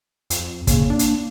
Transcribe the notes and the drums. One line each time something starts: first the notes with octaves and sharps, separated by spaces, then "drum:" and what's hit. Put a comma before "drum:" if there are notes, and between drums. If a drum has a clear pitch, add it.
F2, drum: hi-hat
C#3 A#3, drum: kick, hi-hat
D4
drum: hi-hat